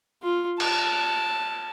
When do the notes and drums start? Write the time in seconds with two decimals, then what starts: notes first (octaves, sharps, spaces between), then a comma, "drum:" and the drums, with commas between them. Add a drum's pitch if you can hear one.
0.23 F4
0.60 A5, drum: cymbal